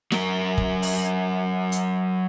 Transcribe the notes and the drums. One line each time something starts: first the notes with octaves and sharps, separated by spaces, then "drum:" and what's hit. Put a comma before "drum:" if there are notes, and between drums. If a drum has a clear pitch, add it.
F#3 A#4, drum: snare
drum: kick
drum: open hi-hat
drum: hi-hat